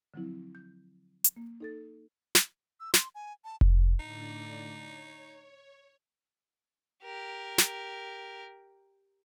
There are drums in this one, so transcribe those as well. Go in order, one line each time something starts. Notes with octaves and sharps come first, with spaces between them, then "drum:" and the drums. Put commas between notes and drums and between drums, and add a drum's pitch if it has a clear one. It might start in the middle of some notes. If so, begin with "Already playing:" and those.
D3 F3 F#3 C4 E4
G6
drum: hi-hat
A#3
D#4 A4 A6
drum: snare
E6
C6, drum: snare
G#5
A5
drum: kick F1
A2 D3 D#4 D5
C#5
G4 A#4
drum: snare